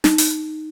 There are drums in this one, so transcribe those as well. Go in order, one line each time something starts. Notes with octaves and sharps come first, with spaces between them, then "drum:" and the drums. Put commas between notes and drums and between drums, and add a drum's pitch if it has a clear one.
D#4, drum: snare
drum: open hi-hat